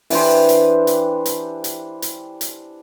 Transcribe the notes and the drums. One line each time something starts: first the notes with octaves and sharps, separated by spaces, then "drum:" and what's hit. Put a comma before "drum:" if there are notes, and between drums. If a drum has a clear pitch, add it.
E3 D4 G4 C5, drum: open hi-hat
drum: hi-hat
drum: hi-hat
drum: hi-hat
drum: hi-hat
drum: hi-hat
drum: hi-hat